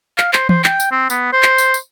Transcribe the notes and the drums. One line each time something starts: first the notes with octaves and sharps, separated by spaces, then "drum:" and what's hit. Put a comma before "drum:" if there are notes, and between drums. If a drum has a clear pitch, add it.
F5, drum: clap
C5, drum: clap
C5, drum: tom E3
G5, drum: clap
drum: tambourine
C4
B3, drum: tambourine
C5
drum: clap
drum: tambourine
drum: tambourine